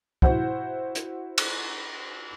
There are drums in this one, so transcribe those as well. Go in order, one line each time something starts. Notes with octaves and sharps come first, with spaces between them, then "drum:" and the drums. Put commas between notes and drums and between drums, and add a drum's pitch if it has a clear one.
E4 F#4 C5 F#5, drum: kick
drum: hi-hat
drum: cymbal